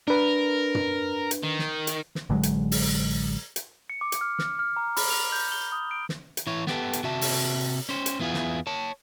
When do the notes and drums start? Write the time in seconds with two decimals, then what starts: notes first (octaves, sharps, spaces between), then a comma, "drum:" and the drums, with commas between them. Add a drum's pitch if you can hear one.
0.08 D4 A#4 B4
0.75 drum: tom
1.31 drum: hi-hat
1.43 D#3
1.59 drum: snare
1.87 drum: hi-hat
2.15 drum: snare
2.30 A1 D3 F#3 G#3
2.43 drum: hi-hat
2.71 drum: open hi-hat
3.56 drum: hi-hat
3.90 C#7
4.01 D6
4.12 drum: hi-hat
4.21 F6
4.39 F6, drum: snare
4.59 F6
4.76 A#5
4.96 B5, drum: open hi-hat
5.10 F7
5.32 G6
5.52 G7
5.72 D#6
5.91 D7
6.09 drum: snare
6.37 drum: hi-hat
6.47 E3 E4 C#5
6.67 B3 G4 A4, drum: snare
6.93 drum: hi-hat
7.04 C3 F#4 E5 A5
7.21 drum: open hi-hat
7.89 C#4 C5
8.06 drum: hi-hat
8.20 E2 B3 E4 F4 G#4
8.34 drum: snare
8.67 C#5 A5